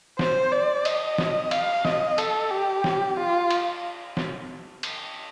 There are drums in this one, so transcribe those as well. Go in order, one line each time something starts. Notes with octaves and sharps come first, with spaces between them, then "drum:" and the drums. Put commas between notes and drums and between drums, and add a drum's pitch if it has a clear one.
C5, drum: snare
D5
D#5, drum: cymbal
drum: snare
F5, drum: cymbal
D#5, drum: snare
A4, drum: cymbal
G4
drum: snare
F4
drum: cymbal
drum: snare
drum: cymbal